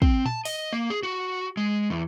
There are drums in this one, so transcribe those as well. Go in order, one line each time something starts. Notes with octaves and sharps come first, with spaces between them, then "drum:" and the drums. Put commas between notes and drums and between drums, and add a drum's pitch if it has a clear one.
C4, drum: kick
A5, drum: tom A#2
D#5, drum: open hi-hat
A#3
G#4
F#4
G#3
E2